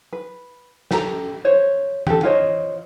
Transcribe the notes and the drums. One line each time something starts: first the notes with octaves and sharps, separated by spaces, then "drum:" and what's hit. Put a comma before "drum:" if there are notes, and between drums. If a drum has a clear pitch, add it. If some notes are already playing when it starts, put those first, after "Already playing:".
B4
G4 A4 A#5, drum: snare
C5 C#5
G4 A4, drum: tom E3
F4 C5 C#5 D#5